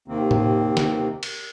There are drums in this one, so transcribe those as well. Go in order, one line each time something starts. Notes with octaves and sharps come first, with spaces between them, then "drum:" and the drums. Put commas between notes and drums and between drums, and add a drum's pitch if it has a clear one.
D#2 C3 D#3 A#3 C4
drum: tom A2
drum: snare
drum: cymbal